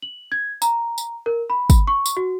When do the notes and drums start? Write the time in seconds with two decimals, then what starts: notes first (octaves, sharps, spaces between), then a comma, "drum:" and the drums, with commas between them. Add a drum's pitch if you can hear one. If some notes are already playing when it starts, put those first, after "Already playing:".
0.02 F#7
0.32 G#6
0.62 A#5, drum: tambourine
0.98 drum: tambourine
1.26 A#4
1.50 B5
1.70 drum: kick, tambourine
1.87 C#6
2.06 drum: tambourine
2.17 F#4